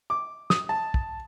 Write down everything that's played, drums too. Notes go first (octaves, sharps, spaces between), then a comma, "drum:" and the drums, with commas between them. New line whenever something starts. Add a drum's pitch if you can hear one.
D6
D#6, drum: snare
A5
drum: kick